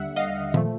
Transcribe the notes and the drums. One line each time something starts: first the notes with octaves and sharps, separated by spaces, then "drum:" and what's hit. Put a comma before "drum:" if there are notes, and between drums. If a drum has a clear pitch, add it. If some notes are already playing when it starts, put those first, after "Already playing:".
Already playing: D#2 D3 G3 E5 F#5
D#5 F5
A#2 F3 A3, drum: tom D#3